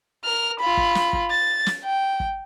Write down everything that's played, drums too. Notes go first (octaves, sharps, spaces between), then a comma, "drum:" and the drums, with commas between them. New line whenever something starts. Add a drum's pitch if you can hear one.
A#4 F6
F4 B5
drum: kick
drum: snare
drum: kick
A6
drum: snare
G5
drum: kick